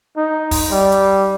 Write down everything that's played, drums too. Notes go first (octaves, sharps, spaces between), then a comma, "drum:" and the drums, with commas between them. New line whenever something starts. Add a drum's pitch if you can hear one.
D#4
drum: kick, open hi-hat
G3
drum: hi-hat